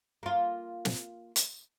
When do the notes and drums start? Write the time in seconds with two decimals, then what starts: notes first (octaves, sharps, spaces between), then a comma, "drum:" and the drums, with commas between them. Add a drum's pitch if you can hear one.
0.23 A#3 F4
0.85 drum: snare
1.36 drum: hi-hat